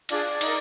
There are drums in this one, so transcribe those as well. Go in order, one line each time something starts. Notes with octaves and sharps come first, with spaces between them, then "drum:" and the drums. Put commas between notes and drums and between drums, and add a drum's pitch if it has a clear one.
D4 F4 G#4 D5 D6, drum: cymbal
D#4 A#4, drum: cymbal